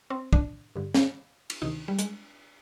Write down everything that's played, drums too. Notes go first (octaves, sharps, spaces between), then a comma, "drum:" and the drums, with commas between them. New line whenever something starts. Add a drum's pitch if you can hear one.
C4
D4, drum: kick
G2 D3
drum: snare
drum: cymbal
D2 C3 D#3 D#4
G3
G#3, drum: hi-hat